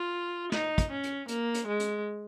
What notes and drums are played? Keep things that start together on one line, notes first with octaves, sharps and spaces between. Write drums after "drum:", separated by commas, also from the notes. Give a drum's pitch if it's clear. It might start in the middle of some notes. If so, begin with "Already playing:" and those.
Already playing: F4
D#4, drum: snare
drum: kick, hi-hat
C#4
drum: hi-hat
A#3, drum: hi-hat
drum: hi-hat
G#3
drum: hi-hat